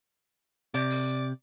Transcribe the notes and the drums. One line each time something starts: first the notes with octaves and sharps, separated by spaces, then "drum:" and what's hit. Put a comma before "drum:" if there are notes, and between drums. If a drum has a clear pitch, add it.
C3 D5, drum: hi-hat
drum: open hi-hat